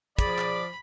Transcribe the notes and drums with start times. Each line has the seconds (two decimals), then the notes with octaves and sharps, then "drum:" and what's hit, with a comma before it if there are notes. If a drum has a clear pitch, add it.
0.19 F3 G#4 D5 B5, drum: kick, hi-hat
0.38 drum: clap